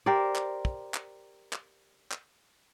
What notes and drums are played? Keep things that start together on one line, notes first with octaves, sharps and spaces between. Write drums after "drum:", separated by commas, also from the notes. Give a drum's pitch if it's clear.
G4 A#4 C5 D5
drum: clap
drum: kick
drum: clap
drum: clap
drum: clap